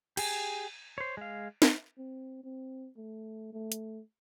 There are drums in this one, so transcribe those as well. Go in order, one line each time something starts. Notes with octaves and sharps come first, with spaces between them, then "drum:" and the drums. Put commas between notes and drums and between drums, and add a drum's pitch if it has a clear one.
G4 G#4 G#5, drum: cymbal
C5 C#5
G#3 F5
drum: snare
C4
C4
A3
A3
drum: hi-hat